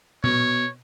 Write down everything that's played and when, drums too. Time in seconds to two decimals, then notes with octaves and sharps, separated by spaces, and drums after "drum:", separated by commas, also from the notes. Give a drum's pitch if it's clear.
0.24 B2 C#5, drum: tom A#2